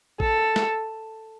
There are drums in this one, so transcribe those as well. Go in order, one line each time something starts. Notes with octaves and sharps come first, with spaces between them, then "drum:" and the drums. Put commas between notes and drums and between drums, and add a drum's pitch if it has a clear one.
A4, drum: kick
drum: snare